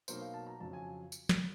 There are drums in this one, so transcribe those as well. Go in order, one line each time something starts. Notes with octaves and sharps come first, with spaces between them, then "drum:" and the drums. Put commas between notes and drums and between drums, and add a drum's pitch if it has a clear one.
B2 F#3 A#3 D#4 C5, drum: tambourine
F5
A5
A#5
F2 C#3 F#3 A5
G#5
drum: tambourine
drum: snare